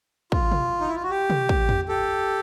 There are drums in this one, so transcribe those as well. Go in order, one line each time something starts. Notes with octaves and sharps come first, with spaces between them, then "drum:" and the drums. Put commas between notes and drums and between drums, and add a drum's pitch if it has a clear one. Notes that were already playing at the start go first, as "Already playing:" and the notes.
F4, drum: kick
drum: tom
D#4
E4
F4
F#4
G4
drum: tom
drum: kick
drum: tom
G4 A4